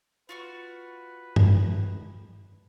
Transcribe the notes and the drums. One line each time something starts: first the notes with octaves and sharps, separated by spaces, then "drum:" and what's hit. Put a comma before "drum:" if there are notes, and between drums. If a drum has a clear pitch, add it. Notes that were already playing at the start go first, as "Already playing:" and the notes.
F4 F#4 B4 C#6
drum: tom G2